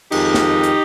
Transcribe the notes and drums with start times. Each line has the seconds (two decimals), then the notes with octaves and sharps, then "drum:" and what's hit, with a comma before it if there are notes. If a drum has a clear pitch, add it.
0.12 F2 D#3 G#3 D#4 G4, drum: cymbal
0.34 drum: snare
0.64 drum: hi-hat